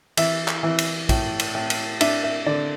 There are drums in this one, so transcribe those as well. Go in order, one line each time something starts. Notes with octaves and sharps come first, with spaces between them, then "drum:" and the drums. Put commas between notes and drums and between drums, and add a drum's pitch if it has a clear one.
E3 E5, drum: cymbal
drum: clap
E3
drum: cymbal
A2, drum: kick, cymbal
drum: cymbal
A2
drum: cymbal
D4 E5, drum: cymbal
E5
D3 D5